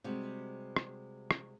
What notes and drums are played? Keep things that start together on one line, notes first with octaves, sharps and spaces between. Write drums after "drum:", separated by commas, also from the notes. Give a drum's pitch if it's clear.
C3 G3 G#3 F#4
drum: rim click
drum: rim click